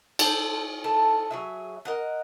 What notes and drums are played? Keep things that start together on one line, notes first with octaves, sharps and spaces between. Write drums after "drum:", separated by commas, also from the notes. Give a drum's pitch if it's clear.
A4 C5, drum: cymbal
A4
F#3 G#4 E5
A#4 D#5 F#5